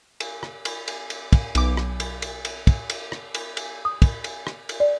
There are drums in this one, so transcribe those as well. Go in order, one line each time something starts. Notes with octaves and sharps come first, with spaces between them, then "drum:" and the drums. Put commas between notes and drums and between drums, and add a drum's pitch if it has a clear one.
drum: cymbal
drum: rim click
drum: cymbal
drum: cymbal
drum: cymbal
drum: kick, cymbal
B1 D6, drum: cymbal
drum: rim click
drum: cymbal
drum: cymbal
drum: cymbal
drum: kick, cymbal
drum: cymbal
drum: rim click
drum: cymbal
drum: cymbal
D#6
drum: kick, cymbal
drum: cymbal
drum: rim click
drum: cymbal
D5